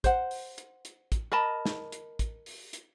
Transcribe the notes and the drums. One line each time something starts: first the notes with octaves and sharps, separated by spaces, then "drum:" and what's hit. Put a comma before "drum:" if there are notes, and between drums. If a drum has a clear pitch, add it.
C5 F#5, drum: kick, hi-hat
drum: open hi-hat
drum: hi-hat
drum: hi-hat
drum: kick, hi-hat
A#4 D#5 A5 B5
drum: snare
drum: hi-hat
drum: kick, hi-hat
drum: open hi-hat
drum: hi-hat